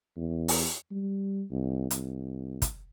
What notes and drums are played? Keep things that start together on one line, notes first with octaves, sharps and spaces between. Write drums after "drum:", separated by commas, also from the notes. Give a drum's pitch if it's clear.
E2
drum: open hi-hat
G3
C2
C2, drum: hi-hat
drum: kick, hi-hat